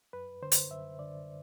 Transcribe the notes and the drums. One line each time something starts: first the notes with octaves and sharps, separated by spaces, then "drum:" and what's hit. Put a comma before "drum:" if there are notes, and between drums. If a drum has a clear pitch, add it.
F#2 B4
D3 C5
drum: hi-hat
F#2 E5
D3 D5